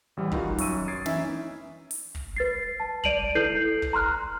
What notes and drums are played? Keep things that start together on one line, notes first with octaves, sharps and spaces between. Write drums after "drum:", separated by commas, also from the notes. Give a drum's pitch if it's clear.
A1 G3
D#3 D#4 F4 F#4 B4, drum: kick
F#2 C#6 E6 D#7, drum: open hi-hat
D#6 G#6 A6 C7 D7
E3 C#4 D#4 E5, drum: snare
drum: open hi-hat
drum: kick
B4 A6 C7
A5
D5 D7 D#7 F7 F#7, drum: kick
E4 A4 B4 G6 C7 F#7
drum: kick
A#5 C6 F6 F#6